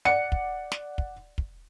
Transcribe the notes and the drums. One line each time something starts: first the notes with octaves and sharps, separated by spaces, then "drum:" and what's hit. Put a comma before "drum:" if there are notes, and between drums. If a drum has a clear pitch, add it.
D5 F#5 C#7
drum: kick
drum: snare
drum: kick
drum: kick